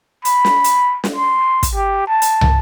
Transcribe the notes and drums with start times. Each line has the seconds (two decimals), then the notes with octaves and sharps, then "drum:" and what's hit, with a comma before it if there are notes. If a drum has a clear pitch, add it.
0.25 B5, drum: hi-hat
0.45 drum: snare
0.64 drum: hi-hat
1.04 drum: snare
1.16 C6
1.63 drum: kick, hi-hat
1.75 G4
2.08 A5
2.22 drum: hi-hat
2.41 drum: tom